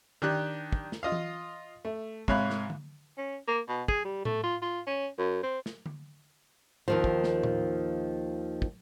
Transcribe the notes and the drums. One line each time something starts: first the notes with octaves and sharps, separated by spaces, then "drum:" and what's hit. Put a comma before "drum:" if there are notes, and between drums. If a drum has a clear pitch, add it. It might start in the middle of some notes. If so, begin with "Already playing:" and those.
D#3 D4 G4 F#6
drum: kick
drum: snare
F4 D#5 F5
drum: tom E3
A3
G#2 C3 C#5 F5 B5 F#6, drum: kick
drum: snare
drum: tom D3
C#4
A#3
B2
G#4, drum: kick
G3
A3, drum: tom A2
F4
F4
C#4
F#2
C4
drum: snare
drum: tom D3
D#2 D#3 F3
drum: kick
drum: snare
drum: tom A2
drum: kick